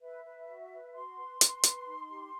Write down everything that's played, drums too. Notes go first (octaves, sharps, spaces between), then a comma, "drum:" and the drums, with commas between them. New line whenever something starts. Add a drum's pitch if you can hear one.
B4 E5
B4
F#4
B4
F#4 C6
B4
B4, drum: hi-hat
B4, drum: hi-hat
D#4
G4